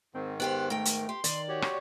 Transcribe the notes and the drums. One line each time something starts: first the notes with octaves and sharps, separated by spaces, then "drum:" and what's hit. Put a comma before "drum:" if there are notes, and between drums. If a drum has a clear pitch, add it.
G#2 D#3 C4
B3 G4 C5 F#6
A3 A#4 G5
drum: hi-hat
G4 C6
D#3 D5, drum: hi-hat
F#4 G4 C#5
drum: rim click